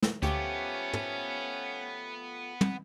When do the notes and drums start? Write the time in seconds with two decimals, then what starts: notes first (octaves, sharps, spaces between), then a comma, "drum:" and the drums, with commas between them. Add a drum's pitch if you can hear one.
0.03 drum: snare
0.22 D2 F3 A3 B3 C#4 G4, drum: hi-hat
0.93 drum: tom
2.61 drum: tom